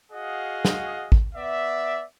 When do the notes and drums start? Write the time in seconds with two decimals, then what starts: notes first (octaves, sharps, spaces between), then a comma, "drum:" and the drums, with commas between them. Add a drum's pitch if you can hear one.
0.12 F#4 G#4 D#5 F5 F#5
0.65 drum: snare
1.12 drum: kick G#1
1.35 B3 D5 E5